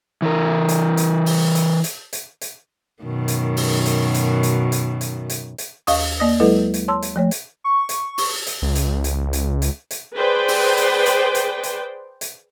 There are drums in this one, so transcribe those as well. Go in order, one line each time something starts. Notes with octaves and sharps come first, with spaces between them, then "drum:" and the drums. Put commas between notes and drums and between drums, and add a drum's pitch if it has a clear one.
E3 E4 A#4
drum: hi-hat
drum: hi-hat
drum: open hi-hat
drum: hi-hat
drum: hi-hat
drum: hi-hat
drum: hi-hat
F#2 B2 D#3
drum: hi-hat
drum: open hi-hat
drum: hi-hat
drum: hi-hat
drum: hi-hat
drum: hi-hat
drum: hi-hat
drum: hi-hat
drum: hi-hat
D#2 D#5 F5 C#6 D#6, drum: open hi-hat
A#3 D5 D#5 D#6 A#6
F#3 G#3 E4 A4 B4 D#5
drum: hi-hat
C#5 A5 C6 E6
drum: hi-hat
F3 A3 C#5
drum: hi-hat
C#6
drum: hi-hat
drum: open hi-hat
drum: hi-hat
C#2
drum: hi-hat
drum: hi-hat
drum: hi-hat
drum: hi-hat
drum: hi-hat
G#4 B4 C5 D5 G5
drum: open hi-hat
drum: hi-hat
drum: hi-hat
drum: hi-hat
drum: hi-hat
drum: hi-hat